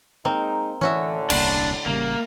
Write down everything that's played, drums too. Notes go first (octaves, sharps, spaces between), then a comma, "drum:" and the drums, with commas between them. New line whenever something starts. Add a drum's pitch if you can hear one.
G#3 A#3 C4 D#4
A2 D3 E3 C#4 F#4 E5
D#1 C2 A#3 D4, drum: cymbal
A1 C#3 G3 A#3